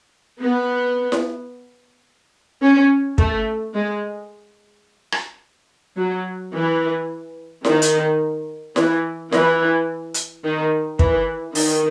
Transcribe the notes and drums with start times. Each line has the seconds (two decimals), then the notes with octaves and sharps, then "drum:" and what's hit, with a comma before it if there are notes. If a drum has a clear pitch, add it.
0.40 B3
1.12 drum: snare E4
2.62 C#4
3.18 A3, drum: kick
3.74 G#3
5.12 drum: rim click
5.97 F#3
6.53 E3
7.65 D#3, drum: snare E4
7.82 drum: hi-hat
8.76 E3, drum: snare E4
9.32 E3, drum: snare E4
10.14 drum: hi-hat
10.44 D#3
10.99 E3, drum: kick
11.55 D#3, drum: open hi-hat